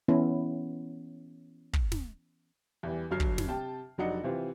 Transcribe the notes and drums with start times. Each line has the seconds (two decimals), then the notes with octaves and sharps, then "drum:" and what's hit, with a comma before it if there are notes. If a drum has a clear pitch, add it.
0.08 E3 B3 C#4 E4
1.73 drum: kick
1.92 drum: snare
2.83 E2 E3 G3
3.11 G1 F#3 F6 C7
3.20 drum: kick
3.38 drum: snare
3.48 C3 G5 A5
3.98 F1 F#3 D4 D#4 F#5 C#7
4.23 C3 E3 C4 F4